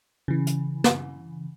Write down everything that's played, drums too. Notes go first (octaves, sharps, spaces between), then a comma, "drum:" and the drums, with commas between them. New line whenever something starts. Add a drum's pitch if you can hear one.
C#3 E3
drum: hi-hat
drum: snare